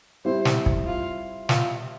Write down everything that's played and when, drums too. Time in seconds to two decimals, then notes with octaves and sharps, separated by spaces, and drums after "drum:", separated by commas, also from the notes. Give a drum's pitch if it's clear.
0.25 G3 C4 E4 C5
0.45 drum: snare
0.66 drum: kick
0.86 F4
1.49 F4, drum: snare